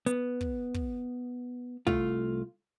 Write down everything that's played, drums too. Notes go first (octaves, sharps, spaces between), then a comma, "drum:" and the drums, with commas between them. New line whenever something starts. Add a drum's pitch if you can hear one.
B3, drum: hi-hat
drum: kick
drum: kick
C2 A3 F4, drum: kick